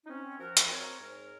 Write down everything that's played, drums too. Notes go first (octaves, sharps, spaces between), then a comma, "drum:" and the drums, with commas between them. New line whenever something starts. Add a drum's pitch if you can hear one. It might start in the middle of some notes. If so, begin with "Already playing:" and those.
D#4
C4 C#4
F3 F#4 A#4
drum: hi-hat
C4 A#4 C#5
G#2 A#4 C#5